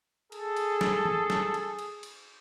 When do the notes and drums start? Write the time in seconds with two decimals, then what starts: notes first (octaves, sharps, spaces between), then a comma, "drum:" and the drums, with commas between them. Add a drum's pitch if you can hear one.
0.32 G#4 A4, drum: cymbal
0.57 drum: cymbal
0.81 drum: snare
1.05 drum: tom E3
1.30 drum: snare
1.54 drum: cymbal
1.79 drum: cymbal
2.03 drum: cymbal